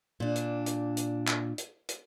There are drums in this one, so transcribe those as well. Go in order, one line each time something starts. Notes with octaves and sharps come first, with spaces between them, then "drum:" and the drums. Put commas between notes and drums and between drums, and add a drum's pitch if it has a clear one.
A#2 D4
drum: hi-hat
drum: hi-hat
drum: hi-hat
drum: clap
drum: hi-hat
drum: hi-hat